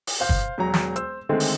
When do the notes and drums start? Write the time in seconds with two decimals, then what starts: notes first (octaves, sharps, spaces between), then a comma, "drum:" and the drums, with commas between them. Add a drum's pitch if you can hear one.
0.07 drum: open hi-hat
0.20 C5 F5 G6
0.29 drum: kick
0.58 E1 F#3 A#5
0.74 drum: snare
0.96 C5 E6, drum: hi-hat
1.29 D3 D#3 G#3 A3 C4
1.40 drum: open hi-hat